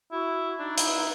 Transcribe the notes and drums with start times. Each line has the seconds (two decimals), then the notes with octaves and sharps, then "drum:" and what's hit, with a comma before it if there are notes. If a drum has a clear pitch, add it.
0.12 E4 F#4
0.60 D4 D#4
0.78 E4, drum: hi-hat